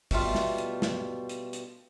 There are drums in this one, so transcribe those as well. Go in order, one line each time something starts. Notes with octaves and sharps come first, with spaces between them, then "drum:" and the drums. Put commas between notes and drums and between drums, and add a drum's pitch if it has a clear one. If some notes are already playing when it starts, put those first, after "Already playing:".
B2 G3 A3 F4, drum: kick A1, open hi-hat
drum: snare
drum: hi-hat
drum: snare
drum: hi-hat
drum: hi-hat